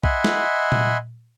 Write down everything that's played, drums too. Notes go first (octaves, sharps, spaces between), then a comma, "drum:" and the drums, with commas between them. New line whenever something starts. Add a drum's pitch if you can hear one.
D#5 E5 F#5 G#5 B5 C6, drum: kick B1
drum: snare
drum: tom A#2